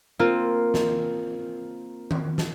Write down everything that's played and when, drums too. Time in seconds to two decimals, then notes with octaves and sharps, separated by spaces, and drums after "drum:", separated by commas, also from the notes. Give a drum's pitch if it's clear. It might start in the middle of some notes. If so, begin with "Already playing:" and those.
0.19 A#3 C4 F4
0.74 drum: snare
2.11 drum: tom D#3
2.38 drum: snare